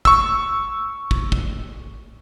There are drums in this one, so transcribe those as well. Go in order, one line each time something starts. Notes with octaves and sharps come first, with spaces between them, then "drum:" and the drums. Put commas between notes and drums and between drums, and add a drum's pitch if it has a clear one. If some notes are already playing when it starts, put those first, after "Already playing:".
C#6 E6, drum: kick
drum: kick
drum: kick